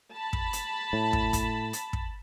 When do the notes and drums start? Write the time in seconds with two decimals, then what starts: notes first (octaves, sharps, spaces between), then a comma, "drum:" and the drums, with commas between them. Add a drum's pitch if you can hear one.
0.13 A5 B5
0.33 drum: kick
0.53 drum: hi-hat
0.93 A2
1.13 drum: kick
1.33 drum: kick, hi-hat
1.73 drum: hi-hat
1.93 drum: kick